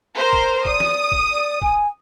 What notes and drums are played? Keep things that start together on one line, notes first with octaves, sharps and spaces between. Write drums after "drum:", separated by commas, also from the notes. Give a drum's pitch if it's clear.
A#4 C5 A#5
drum: kick
D5 D#6, drum: kick
drum: snare
drum: kick
D5
G#5, drum: kick